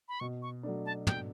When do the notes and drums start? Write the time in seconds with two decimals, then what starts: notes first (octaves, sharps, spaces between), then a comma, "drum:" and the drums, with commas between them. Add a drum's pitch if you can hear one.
0.08 B5
0.20 B2 C#6
0.42 C#6
0.63 F#3 A3 D4
0.86 A5
1.07 B2 G5, drum: tom